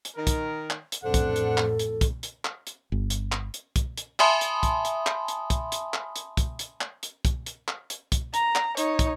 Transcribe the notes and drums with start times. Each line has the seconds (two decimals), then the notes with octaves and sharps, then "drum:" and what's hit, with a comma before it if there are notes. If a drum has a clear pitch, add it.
0.05 drum: hi-hat
0.16 D#3 A#4
0.27 drum: kick, hi-hat
0.70 drum: clap
0.92 drum: hi-hat
1.04 A1 F2 D4 A4 C5 F#5
1.14 drum: kick, hi-hat
1.36 drum: hi-hat
1.58 drum: clap
1.79 drum: hi-hat
2.01 drum: kick, hi-hat
2.23 drum: hi-hat
2.45 drum: clap
2.67 drum: hi-hat
2.92 G1
3.10 drum: hi-hat
3.32 drum: clap
3.54 drum: hi-hat
3.76 drum: kick, hi-hat
3.98 drum: hi-hat
4.20 E5 G#5 A5 B5 C6 D#6, drum: clap
4.41 drum: hi-hat
4.63 drum: kick, hi-hat
4.85 drum: hi-hat
5.07 drum: clap
5.28 drum: hi-hat
5.50 drum: kick, hi-hat
5.72 drum: hi-hat
5.94 drum: clap
6.16 drum: hi-hat
6.37 drum: kick, hi-hat
6.59 drum: hi-hat
6.81 drum: clap
7.03 drum: hi-hat
7.25 drum: kick, hi-hat
7.46 drum: hi-hat
7.68 drum: clap
7.90 drum: hi-hat
8.12 drum: kick, hi-hat
8.34 A#5, drum: hi-hat
8.55 drum: clap
8.77 D#4 C#5, drum: hi-hat
8.99 drum: kick, hi-hat